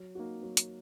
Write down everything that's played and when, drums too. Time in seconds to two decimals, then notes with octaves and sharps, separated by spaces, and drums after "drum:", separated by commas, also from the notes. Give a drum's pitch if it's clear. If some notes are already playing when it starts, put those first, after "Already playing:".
Already playing: F#3
0.15 A#3 D#4 F#4
0.43 F#3
0.57 drum: hi-hat